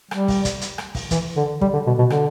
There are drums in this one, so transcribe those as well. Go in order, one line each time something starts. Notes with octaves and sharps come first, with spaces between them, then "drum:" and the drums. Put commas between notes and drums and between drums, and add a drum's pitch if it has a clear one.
G3, drum: rim click
drum: kick, open hi-hat
drum: kick, hi-hat
drum: hi-hat
drum: rim click
drum: kick, open hi-hat
E3, drum: kick, hi-hat
D3
G3, drum: kick
D3
B2
B2
D3, drum: rim click